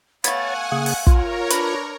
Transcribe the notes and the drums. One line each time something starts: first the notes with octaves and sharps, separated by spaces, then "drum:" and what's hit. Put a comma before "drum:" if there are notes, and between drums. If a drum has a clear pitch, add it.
A3 B3 C#5 F5 F#5 G#5 A6, drum: hi-hat
C#3 A#3 G#4
drum: open hi-hat
F4 A#4 C#5 A#5, drum: kick
D4 B4, drum: hi-hat